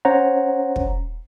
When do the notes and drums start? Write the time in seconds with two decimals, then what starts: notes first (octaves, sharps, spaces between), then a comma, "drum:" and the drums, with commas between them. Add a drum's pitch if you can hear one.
0.05 C#4 C5 C#5 F#5 A#5
0.76 drum: kick